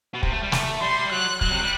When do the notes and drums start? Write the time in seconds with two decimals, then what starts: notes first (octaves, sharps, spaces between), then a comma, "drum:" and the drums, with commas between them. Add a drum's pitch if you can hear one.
0.14 B2
0.23 C3, drum: kick
0.32 A3
0.43 G3
0.52 A3, drum: snare
0.81 G3 C6
1.11 F#3 F#6
1.41 F#3 F#6, drum: kick
1.52 C3
1.61 G3